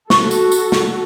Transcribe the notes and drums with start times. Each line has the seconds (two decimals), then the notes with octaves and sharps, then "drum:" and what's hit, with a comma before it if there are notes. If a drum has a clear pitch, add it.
0.10 F#4 A4 C#6, drum: snare
0.31 drum: tambourine
0.52 drum: tambourine
0.72 drum: snare